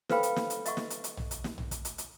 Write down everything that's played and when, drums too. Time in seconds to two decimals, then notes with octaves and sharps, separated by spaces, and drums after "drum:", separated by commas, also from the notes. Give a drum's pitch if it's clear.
0.09 A4 B4 C5 F5 G5 B5, drum: snare
0.23 drum: hi-hat
0.36 drum: snare
0.50 drum: hi-hat
0.66 D#5 E5 F#5 C#6, drum: hi-hat
0.77 drum: snare
0.90 drum: hi-hat
1.04 drum: hi-hat
1.17 drum: tom A#1
1.31 drum: hi-hat
1.44 drum: snare
1.58 drum: tom A#1
1.71 drum: kick, hi-hat
1.85 drum: hi-hat
1.98 drum: hi-hat